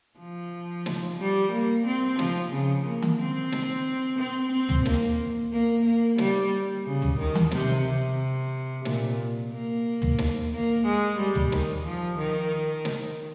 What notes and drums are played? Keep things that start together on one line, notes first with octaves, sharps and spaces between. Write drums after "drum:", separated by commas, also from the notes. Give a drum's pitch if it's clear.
F3
drum: snare
G3
A#3
C4
F3, drum: snare
C#3
A#3
drum: tom D#3
C4
drum: snare
C4
C4
drum: tom
A#3, drum: snare
A#3
A#3
G3, drum: snare
C#3
drum: tom
D#3
drum: tom D#3
C3, drum: snare
C3
A#2, drum: snare
A#3
drum: tom
drum: snare
A#3
G#3
G3
drum: tom
D#3, drum: snare
F3
D#3
drum: snare